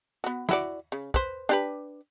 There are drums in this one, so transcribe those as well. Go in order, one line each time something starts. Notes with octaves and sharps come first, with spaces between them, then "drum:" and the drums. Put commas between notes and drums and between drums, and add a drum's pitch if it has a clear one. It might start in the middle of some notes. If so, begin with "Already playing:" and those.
B3 F#4
E4 F#4 D5, drum: snare
C#3
B4 C5, drum: kick
D4 G4 B4